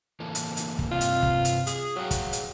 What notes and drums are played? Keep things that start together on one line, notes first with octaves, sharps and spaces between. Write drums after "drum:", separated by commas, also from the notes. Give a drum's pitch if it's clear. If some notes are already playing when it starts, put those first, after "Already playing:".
E3 A#3 A4
drum: hi-hat
drum: hi-hat
drum: kick
G2 C3 F4
drum: hi-hat
drum: kick
drum: hi-hat
G#4, drum: hi-hat
F#3 G#4 F5 G5
drum: kick, hi-hat
drum: hi-hat